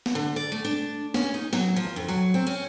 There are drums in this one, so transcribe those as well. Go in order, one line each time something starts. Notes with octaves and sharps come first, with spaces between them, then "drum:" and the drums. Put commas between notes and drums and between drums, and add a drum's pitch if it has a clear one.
drum: snare
D3
D5
A3
D4
C#4, drum: snare
D#4
F#3, drum: snare
F3
drum: tom
F2
F#3
C4
C#4